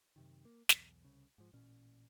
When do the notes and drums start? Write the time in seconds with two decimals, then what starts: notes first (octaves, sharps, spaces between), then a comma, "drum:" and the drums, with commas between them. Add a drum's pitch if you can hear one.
0.16 F#2 C3 D#3
0.45 A#3
0.69 B1 E2, drum: snare
1.05 C2 C#3
1.38 G#2 F3
1.53 A1 A#2 C#4